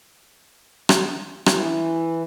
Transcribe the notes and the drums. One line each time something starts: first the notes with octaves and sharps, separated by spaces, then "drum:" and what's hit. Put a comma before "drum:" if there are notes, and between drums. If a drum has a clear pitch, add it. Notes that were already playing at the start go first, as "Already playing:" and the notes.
drum: rim click
E3, drum: rim click